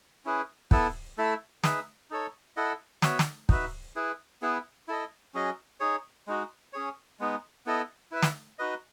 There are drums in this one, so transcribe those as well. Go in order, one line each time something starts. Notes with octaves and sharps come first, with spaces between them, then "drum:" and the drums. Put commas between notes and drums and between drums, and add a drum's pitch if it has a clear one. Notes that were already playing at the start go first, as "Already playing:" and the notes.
C#4 E4 G#4 B4
B3 E4 A4, drum: kick
A3 E4 A4 E5
D#4 G#4 B4 E5, drum: snare
D#4 A4 C#5
E4 A4 D#5 F#5
B3 F#4 C#5 E5, drum: snare
drum: snare
D#4 F#4 B4 E5, drum: kick
E4 G#4 B4
B3 E4 G#4 B4
E4 A4 D#5
F#3 C#4 G#4 D#5
D#4 G#4 C#5
G#3 D#4 F#4
C#4 G#4 C#5
G#3 B3 D#4
B3 E4 A4 D#5
E4 B4 E5
drum: snare
D#4 F#4 B4 D#5